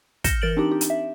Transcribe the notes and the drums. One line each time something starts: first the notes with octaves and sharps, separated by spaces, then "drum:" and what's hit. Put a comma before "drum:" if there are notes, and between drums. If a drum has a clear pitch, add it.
F6 G6 A#6 C#7 E7 G7, drum: kick, hi-hat
E3 A#4 A6 D7 F#7
C4 D4 D#4 G4
G4
drum: hi-hat
E5